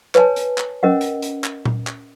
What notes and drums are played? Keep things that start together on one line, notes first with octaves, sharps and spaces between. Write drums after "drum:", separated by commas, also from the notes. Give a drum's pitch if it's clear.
B4 C#5 G#5 A5, drum: clap
drum: hi-hat
drum: clap
C#4 A#4 D#5 F#5
drum: hi-hat
drum: hi-hat
drum: clap
drum: tom A#2
drum: clap